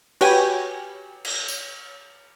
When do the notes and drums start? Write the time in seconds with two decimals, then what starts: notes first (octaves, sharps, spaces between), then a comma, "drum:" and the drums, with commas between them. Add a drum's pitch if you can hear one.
0.21 F#4 G4 B4 C#5 G5 G#5, drum: cymbal
1.25 drum: cymbal
1.48 drum: tambourine